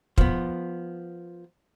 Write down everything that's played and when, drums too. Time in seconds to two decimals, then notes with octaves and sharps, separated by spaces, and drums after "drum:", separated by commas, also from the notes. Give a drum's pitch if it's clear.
0.18 F3 B3, drum: kick